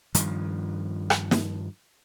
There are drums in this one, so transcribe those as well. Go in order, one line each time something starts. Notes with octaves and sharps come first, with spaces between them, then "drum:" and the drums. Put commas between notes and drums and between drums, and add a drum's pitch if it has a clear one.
G2 D#3 F3, drum: hi-hat
drum: rim click
drum: snare